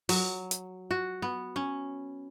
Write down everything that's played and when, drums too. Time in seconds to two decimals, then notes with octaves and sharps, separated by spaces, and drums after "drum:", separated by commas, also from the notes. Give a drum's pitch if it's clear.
0.09 F#3, drum: open hi-hat
0.51 drum: hi-hat
0.91 F#4
1.22 B3
1.56 C#4